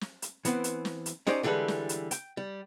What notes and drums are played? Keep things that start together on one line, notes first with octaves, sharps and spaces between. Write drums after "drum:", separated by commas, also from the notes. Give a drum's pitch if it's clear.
drum: snare
drum: hi-hat
E3 B3 C4, drum: hi-hat
drum: hi-hat
drum: snare
drum: hi-hat
C#4 D#4 G4 C5 D5 G#5, drum: snare
D3 E3 G3 G#3 A4 B4
drum: snare
drum: hi-hat
G5, drum: hi-hat
G3